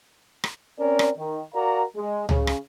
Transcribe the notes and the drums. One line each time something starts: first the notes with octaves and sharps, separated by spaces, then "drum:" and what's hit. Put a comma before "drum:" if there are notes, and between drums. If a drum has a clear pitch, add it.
drum: rim click
C4 C#4 A#4 D5
drum: rim click
D#3
F#4 A#4 D5 F5 A#5
G#3
C#3, drum: tom C#2
drum: rim click